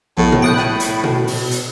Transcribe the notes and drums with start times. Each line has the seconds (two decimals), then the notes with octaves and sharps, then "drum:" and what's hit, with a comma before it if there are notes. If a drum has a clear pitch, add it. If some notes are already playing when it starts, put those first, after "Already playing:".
0.18 A#1 A2 B3
0.32 drum: tom A#2
0.42 A2 G5 B5 D#6 F#6
0.56 drum: snare
0.80 drum: hi-hat
1.04 B2, drum: tom A#2
1.27 drum: open hi-hat
1.51 drum: hi-hat